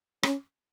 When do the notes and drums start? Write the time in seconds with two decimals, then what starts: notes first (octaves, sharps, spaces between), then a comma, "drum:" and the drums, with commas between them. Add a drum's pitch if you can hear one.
0.23 C#4, drum: rim click